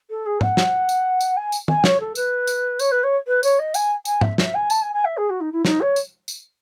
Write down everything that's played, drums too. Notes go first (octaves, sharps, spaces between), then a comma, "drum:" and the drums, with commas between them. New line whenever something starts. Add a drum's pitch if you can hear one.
A4
G#4
F#5, drum: tom G#2
drum: snare
drum: tambourine
drum: tambourine
G#5
drum: tambourine
G#5, drum: tom
C#5, drum: snare
A4
B4, drum: tambourine
drum: tambourine
C#5, drum: tambourine
B4
C#5
B4
C#5, drum: tambourine
D#5
G#5, drum: tambourine
G#5, drum: tambourine
E5, drum: tom G#2
E5, drum: snare
G#5
A5, drum: tambourine
G#5
G#5
E5
G#4
F#4
D#4
E4
D#4, drum: snare
C#5
drum: tambourine
drum: tambourine